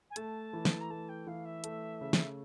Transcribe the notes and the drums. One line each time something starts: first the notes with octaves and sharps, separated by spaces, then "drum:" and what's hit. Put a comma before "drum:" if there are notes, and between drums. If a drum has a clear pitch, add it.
G#5
A3 A5, drum: hi-hat
E3
drum: snare
A#5
A3 A5
G5
E3 F5
E5
A3, drum: hi-hat
C#3
drum: snare